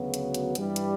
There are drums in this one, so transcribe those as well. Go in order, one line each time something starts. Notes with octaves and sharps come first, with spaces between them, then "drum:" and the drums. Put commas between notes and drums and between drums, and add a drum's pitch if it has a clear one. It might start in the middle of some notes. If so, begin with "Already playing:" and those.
Already playing: D2 C#3 F#3 B3
drum: hi-hat
drum: hi-hat
G2 E3 G3, drum: hi-hat
drum: hi-hat